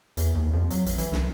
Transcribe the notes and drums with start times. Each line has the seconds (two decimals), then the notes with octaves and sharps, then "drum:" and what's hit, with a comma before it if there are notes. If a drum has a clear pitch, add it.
0.17 E2, drum: hi-hat
0.35 D#2
0.53 F2
0.70 F#3, drum: hi-hat
0.86 A1, drum: hi-hat
0.98 E3, drum: hi-hat
1.12 C2, drum: snare